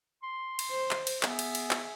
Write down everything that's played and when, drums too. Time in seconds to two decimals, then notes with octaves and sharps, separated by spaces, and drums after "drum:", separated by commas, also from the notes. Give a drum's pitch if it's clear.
0.23 C6
0.59 drum: cymbal
0.71 C5
0.91 drum: clap
1.07 drum: cymbal
1.23 B3 G#4 E5, drum: clap
1.39 drum: cymbal
1.55 drum: cymbal
1.71 drum: clap